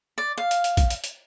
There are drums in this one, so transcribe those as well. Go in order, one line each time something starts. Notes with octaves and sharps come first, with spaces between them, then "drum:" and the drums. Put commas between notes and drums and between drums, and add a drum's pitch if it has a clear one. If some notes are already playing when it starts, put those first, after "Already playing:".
D5
F5
drum: hi-hat
drum: hi-hat
drum: kick A#1, hi-hat
drum: hi-hat
drum: hi-hat